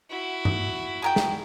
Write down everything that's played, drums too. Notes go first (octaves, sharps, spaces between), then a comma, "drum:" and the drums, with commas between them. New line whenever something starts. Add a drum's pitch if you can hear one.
E4 F#4
drum: tom G2
G#4 A#4 G5
drum: snare